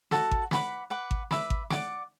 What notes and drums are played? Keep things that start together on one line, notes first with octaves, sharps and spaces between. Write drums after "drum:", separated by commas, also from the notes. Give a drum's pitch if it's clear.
F#4 A4 F#5 A5, drum: snare
drum: kick G#1
B4 F#5 B5 D6, drum: snare
B4 F#5 D6
drum: kick G#1
B4 E5 B5 D6, drum: snare
drum: kick G#1
D5 F#5 D6, drum: snare